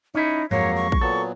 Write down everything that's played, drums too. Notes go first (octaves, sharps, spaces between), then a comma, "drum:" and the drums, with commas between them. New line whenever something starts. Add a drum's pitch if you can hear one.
C#4 D#4 E4
F2 F#3 G#3 A#3 C#5, drum: tom G2
C#6
drum: kick
A#2 F#3 B3 A4